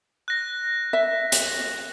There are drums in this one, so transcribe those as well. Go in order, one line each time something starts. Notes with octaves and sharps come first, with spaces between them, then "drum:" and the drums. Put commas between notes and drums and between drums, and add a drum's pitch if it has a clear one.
F#6 A#6
E5
drum: hi-hat